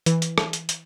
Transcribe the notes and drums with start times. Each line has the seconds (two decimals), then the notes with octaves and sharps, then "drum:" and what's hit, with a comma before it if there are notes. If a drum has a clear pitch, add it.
0.06 E3, drum: hi-hat
0.22 drum: hi-hat
0.38 drum: rim click
0.53 drum: hi-hat
0.69 drum: hi-hat